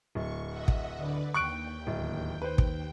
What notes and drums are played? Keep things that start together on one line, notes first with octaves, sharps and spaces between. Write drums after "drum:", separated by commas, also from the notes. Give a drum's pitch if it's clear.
D1 C#6
D#5 E5 F#5
drum: kick
D3 B4 D5
D#2 G5 C#6 F#6 D7
D1
B4 C5
drum: kick